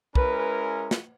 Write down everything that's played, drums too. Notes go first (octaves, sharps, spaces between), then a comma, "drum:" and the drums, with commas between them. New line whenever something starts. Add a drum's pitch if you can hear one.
G#3 C#4 E4 A#4 B4, drum: kick
drum: snare